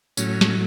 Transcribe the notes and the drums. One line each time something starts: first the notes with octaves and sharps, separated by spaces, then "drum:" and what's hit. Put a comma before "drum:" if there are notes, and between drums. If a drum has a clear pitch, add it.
A2 F#3 C#4, drum: tambourine
drum: snare